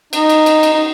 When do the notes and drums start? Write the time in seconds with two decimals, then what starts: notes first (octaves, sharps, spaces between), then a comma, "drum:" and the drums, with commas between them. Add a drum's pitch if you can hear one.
0.13 D#4, drum: cymbal
0.30 drum: cymbal
0.46 drum: cymbal
0.63 drum: cymbal
0.73 D#4